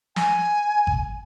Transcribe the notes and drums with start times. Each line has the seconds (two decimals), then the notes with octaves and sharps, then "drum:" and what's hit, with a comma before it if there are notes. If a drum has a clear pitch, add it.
0.16 G#5, drum: snare
0.87 drum: kick G#1